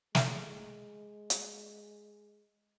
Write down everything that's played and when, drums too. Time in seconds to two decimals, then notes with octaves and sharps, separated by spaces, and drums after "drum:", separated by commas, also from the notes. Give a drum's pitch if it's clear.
0.15 G#3 E5, drum: snare
1.30 drum: hi-hat